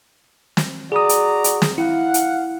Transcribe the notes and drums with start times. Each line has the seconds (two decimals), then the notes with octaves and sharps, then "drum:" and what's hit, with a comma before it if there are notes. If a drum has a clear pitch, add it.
0.57 drum: snare
0.92 F#4 G#4 D5 A#5 D#6
1.09 drum: hi-hat
1.44 drum: hi-hat
1.62 drum: snare
1.78 E4 F5 F#5
2.14 drum: hi-hat